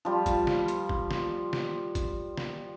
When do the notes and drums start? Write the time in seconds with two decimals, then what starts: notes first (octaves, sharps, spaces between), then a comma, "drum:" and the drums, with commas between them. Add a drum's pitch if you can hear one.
0.05 F3 G3 F4
0.26 drum: kick, hi-hat
0.47 drum: snare
0.68 drum: hi-hat
0.89 drum: kick
1.11 drum: snare
1.53 drum: snare
1.95 drum: kick, hi-hat
2.38 drum: snare